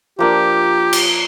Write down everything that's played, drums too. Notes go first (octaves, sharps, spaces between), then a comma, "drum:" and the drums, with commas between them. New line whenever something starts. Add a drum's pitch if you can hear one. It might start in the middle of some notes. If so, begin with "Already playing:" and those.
F3 A#3 D4 G4
drum: cymbal